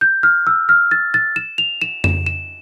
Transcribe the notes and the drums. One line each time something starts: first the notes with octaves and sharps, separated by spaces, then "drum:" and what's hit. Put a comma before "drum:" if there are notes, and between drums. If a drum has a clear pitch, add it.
G6
F6
E6
F6
A6
A6
E7
F7
E7
E7, drum: tom F2
E7